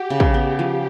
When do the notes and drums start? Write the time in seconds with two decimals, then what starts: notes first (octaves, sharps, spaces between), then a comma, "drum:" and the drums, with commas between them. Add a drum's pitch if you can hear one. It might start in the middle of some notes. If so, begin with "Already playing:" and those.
Already playing: F#4 G4
0.10 C#3
0.20 drum: kick
0.34 B3
0.59 F3